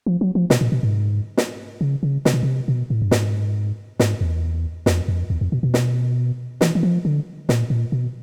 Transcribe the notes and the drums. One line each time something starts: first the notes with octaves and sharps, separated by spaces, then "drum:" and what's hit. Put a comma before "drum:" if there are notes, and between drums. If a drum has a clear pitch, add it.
F3
F#3
F3
B2, drum: snare
A#2
B2
G#2
drum: snare
C#3
C#3
C3, drum: snare
B2
C3
B2
A2
G2
G#2, drum: snare
G#2, drum: snare
E2
F2, drum: snare
F2
E2
F2
B2
B2
drum: snare
E3, drum: snare
E3
F3
D3
A#2, drum: snare
A#2
B2